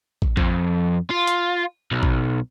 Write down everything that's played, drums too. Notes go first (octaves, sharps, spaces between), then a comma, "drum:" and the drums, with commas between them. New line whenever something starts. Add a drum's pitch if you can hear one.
drum: kick
F2, drum: kick
F4
drum: hi-hat
B1
drum: kick